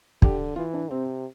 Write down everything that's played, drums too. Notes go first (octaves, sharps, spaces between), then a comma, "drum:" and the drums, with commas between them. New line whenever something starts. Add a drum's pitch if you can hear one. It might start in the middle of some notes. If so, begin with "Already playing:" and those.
D3 G4, drum: kick
E3 F4
D4
C3 C4